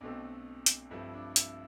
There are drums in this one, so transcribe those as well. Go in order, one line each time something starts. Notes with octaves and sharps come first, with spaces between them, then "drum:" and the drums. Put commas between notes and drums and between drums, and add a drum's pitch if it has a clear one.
B1 B2 A3 C4 D4
drum: hi-hat
G2 F3 A3 C4 E4
D4
E4, drum: hi-hat